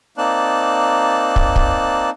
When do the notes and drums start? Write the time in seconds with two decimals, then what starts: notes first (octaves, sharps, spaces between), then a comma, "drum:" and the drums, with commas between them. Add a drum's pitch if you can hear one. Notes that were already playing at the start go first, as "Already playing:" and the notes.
0.18 A#3 C4 D#4 D5 A5 F#6
1.36 drum: kick
1.56 drum: kick